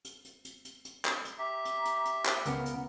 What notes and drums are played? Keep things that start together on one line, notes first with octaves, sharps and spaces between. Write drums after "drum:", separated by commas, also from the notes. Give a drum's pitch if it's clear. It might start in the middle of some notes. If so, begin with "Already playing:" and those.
drum: hi-hat
drum: hi-hat
drum: hi-hat
drum: hi-hat
drum: hi-hat
drum: clap
drum: hi-hat
G4 E5 A#5
drum: hi-hat
drum: hi-hat
drum: hi-hat
drum: clap
C#2 C#3 B3 A#4 F#5, drum: hi-hat
drum: hi-hat